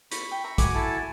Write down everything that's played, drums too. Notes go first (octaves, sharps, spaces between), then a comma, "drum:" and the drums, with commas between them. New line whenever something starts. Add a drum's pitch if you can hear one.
B5 C#6, drum: hi-hat
G5
E5 A#5
F#4 G#5 D6, drum: kick, hi-hat
E4 A4 A5